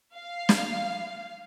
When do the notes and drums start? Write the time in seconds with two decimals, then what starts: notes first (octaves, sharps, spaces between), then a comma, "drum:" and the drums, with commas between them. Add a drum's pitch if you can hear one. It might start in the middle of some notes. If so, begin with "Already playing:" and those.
0.15 F5
0.49 drum: snare